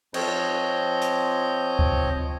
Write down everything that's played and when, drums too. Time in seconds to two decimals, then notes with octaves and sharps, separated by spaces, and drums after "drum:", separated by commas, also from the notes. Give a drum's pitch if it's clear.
0.14 F3 C4 C#5 D#5 G6, drum: cymbal
1.02 drum: hi-hat
1.79 drum: kick D2